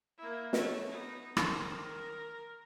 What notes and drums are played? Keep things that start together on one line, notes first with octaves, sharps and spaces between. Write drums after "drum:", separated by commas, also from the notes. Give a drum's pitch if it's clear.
A#3 E4
A3 C#5, drum: snare
B3 D#4
D#3 C5, drum: rim click
A#4